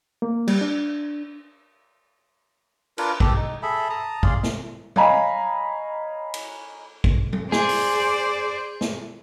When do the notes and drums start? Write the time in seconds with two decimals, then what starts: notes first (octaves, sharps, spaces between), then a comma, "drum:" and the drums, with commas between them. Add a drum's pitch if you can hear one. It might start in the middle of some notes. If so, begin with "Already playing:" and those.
0.22 A#3
0.48 G3, drum: cymbal
0.61 D4
2.98 D4 F4 A#4 B4, drum: cymbal
3.20 G4 A4, drum: kick
3.36 D#4
3.63 G#4 A4 E5 B5
3.90 A5 A#5 D#6
4.23 G#4 D5 F5 C6, drum: kick
4.43 drum: snare
4.96 C#5 D#5 F5 G#5 A#5 B5, drum: tom F#3
6.34 drum: cymbal
7.04 drum: kick
7.33 drum: tom F#3
7.52 G#4 C5 D5, drum: snare
7.69 drum: open hi-hat
8.81 drum: snare